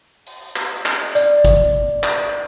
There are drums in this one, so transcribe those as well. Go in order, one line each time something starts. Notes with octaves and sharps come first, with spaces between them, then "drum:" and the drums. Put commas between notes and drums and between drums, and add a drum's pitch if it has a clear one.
drum: open hi-hat
drum: clap
drum: clap
D5, drum: hi-hat
drum: kick, hi-hat
drum: clap